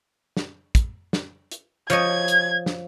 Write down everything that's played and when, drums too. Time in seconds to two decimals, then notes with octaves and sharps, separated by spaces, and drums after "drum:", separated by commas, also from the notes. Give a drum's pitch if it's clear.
0.37 drum: snare
0.75 drum: kick, hi-hat
1.13 drum: snare
1.51 drum: hi-hat
1.90 F3 C#5 D#5 G#6, drum: hi-hat
2.28 drum: hi-hat
2.66 drum: snare